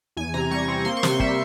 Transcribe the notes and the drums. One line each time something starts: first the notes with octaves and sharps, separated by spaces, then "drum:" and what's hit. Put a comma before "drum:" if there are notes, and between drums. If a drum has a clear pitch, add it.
E2 G#5
C3 A#5
G3 C#6
C4
A#3 C6
C#6
C3 C6, drum: snare
G3 E5, drum: kick